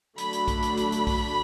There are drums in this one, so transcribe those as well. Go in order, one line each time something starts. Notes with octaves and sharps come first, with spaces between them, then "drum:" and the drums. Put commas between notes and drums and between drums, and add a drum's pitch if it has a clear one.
D3 F#3 A3 D4 B5, drum: hi-hat
drum: hi-hat
drum: kick B1, hi-hat
drum: hi-hat
drum: hi-hat
drum: hi-hat
drum: kick B1, open hi-hat